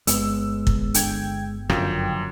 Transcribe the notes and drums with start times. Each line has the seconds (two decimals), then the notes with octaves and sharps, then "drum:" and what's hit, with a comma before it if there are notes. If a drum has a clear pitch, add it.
0.07 G1 G#3 B3 E6, drum: hi-hat
0.67 drum: kick
0.94 D3 G5 G#6, drum: hi-hat
1.70 F#1 F#2 D3 F3 F4 G5, drum: rim click